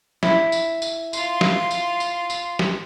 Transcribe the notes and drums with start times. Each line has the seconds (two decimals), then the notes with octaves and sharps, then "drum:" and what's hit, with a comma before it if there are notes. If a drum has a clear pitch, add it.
0.23 E4, drum: snare
0.52 drum: tambourine
0.82 drum: tambourine
1.13 F4 C6, drum: tambourine
1.41 drum: snare
1.71 drum: tambourine
2.00 drum: tambourine
2.30 drum: tambourine
2.59 drum: snare